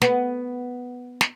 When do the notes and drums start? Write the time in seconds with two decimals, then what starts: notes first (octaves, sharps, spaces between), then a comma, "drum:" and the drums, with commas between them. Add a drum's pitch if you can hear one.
0.02 B3, drum: snare
1.21 drum: snare